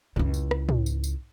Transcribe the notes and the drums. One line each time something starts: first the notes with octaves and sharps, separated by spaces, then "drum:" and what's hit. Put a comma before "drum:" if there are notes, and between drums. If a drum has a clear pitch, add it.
C#2 E4, drum: tom
drum: tambourine
drum: rim click
drum: tom
drum: tambourine
drum: tambourine